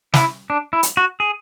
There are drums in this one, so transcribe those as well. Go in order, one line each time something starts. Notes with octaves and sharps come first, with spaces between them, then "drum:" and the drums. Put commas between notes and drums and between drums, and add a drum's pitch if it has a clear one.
E4, drum: snare
D4
E4
drum: hi-hat
F#4
G#4